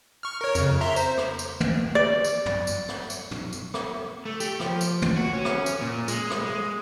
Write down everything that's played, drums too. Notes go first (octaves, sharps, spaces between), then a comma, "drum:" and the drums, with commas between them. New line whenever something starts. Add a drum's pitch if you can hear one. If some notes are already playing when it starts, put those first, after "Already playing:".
C#6 F6
A#4 C#5
F2 C#3, drum: tambourine
E5 A#5 C6
C5, drum: tambourine
drum: rim click
drum: tambourine
drum: tom
D5
drum: tambourine
drum: tom
drum: tambourine
drum: rim click
drum: tambourine
drum: tom
drum: tambourine
drum: rim click
A3
G4, drum: tambourine
F3, drum: rim click
drum: tambourine
drum: tom
F#4
C#4
drum: rim click
drum: tambourine
A#2
G#3, drum: tambourine
drum: rim click
G#3